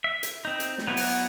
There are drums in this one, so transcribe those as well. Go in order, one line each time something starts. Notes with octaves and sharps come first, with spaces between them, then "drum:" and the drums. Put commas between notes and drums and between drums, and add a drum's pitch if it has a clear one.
E5
drum: hi-hat
C4 D#4
drum: hi-hat
drum: snare
F#3 B3 E4 F#4
drum: open hi-hat